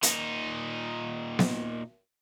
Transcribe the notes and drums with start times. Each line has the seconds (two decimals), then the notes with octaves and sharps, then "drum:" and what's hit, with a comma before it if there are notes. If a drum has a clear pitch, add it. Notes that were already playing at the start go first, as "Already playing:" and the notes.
0.03 A#2 D#4, drum: hi-hat
1.39 drum: snare B3